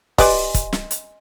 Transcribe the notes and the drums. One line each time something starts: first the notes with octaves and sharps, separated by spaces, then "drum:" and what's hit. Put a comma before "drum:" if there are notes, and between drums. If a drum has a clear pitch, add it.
G4 B4 D5 D#5 G#5 C6, drum: kick, open hi-hat
drum: kick, hi-hat
drum: snare
drum: hi-hat